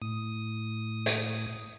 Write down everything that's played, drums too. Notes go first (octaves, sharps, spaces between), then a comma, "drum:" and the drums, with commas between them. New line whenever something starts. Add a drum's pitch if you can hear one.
A2 D#6
drum: hi-hat